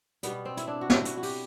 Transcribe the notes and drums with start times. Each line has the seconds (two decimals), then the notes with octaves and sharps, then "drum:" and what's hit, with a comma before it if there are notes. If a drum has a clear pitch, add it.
0.23 B2 G3 B3, drum: hi-hat
0.45 C4
0.57 E4, drum: hi-hat
0.67 D4
0.81 F#4
0.90 E4, drum: snare
1.05 F#4, drum: hi-hat
1.17 F#4
1.23 G4, drum: open hi-hat